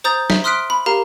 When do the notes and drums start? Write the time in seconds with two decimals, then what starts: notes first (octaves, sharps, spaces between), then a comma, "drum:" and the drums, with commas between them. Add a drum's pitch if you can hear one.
0.04 C5 A#5 D#6 G6 A6
0.30 E5, drum: snare
0.44 C6 D#6 F6 F#6 B6 D7
0.70 B5
0.86 G4 A#4 F5 A#5